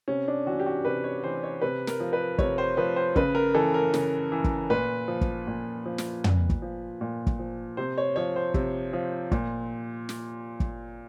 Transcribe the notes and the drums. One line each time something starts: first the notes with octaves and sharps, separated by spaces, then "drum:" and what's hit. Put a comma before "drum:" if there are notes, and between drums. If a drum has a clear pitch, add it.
C3 C#4
D4
E3 F#4
G4
F#4
C3 B4
C#5
E3 C5
C#5
C3 B4
A#4, drum: snare
F3
B4
C3 C#5, drum: kick
C5
F3 B4
C5
C#3 B4, drum: kick
A#4
E3 A4
A#4
C#3, drum: snare
E3
drum: kick
A#2 B4
F3
drum: kick
A#2
F3
drum: snare
A#2, drum: tom
drum: kick
F3
A#2
drum: kick
F3
C3 C5
C#5
F3 C#5
C5
C3, drum: kick
F3
A#2, drum: kick
drum: snare
drum: kick